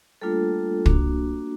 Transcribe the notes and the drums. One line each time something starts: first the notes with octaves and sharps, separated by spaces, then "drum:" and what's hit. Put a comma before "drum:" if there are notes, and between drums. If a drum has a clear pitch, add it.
G3 A3 A#3 D4 F4 A4
A#3 D4 F#4, drum: kick